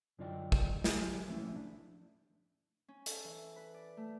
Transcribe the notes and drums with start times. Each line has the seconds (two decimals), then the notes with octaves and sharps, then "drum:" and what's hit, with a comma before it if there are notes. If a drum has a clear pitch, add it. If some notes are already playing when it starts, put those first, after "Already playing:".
0.19 F#2 D3 F4 D5 D#5 G5
0.52 drum: kick
0.84 F#3 G#3 G4 G#5 A5, drum: snare
1.28 F3 A3 C#4 E4
1.56 D4
2.88 C#4
3.06 A4, drum: hi-hat
3.24 E3
3.56 B4
3.74 D5
3.97 A3